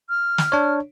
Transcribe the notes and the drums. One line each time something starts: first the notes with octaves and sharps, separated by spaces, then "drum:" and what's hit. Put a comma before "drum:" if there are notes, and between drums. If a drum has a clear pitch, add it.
F6
drum: snare
D4 C#5